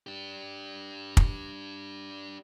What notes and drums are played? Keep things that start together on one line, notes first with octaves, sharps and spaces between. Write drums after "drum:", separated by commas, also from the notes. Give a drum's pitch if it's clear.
D4 G4
drum: kick